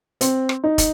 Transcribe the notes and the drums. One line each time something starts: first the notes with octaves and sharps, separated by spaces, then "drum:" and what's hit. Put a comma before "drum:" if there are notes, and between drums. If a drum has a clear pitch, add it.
C4, drum: hi-hat
drum: rim click
D#4
drum: kick, hi-hat